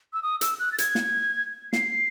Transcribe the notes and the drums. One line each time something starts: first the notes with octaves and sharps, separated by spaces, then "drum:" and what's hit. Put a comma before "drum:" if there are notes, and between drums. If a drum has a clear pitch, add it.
E6
D#6
E6, drum: hi-hat
F#6
A6
G#6, drum: hi-hat
drum: snare
C7, drum: snare